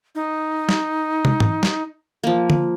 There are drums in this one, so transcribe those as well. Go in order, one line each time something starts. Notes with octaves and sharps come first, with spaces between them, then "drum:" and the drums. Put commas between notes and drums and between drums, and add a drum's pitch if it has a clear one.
D#4
drum: snare
drum: tom
drum: tom
drum: snare
F3 A#3
drum: tom D3